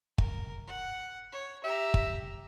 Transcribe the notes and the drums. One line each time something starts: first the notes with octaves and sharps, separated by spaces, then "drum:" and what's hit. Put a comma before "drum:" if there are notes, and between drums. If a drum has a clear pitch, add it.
A#4, drum: kick
F#5
C#5
G4 E5 A#5
drum: kick